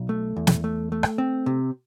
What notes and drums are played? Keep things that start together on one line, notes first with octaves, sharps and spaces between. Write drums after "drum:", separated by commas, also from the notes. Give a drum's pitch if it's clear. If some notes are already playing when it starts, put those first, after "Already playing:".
Already playing: B1
A3
E2
drum: snare
A3
A3
drum: rim click
C4
C3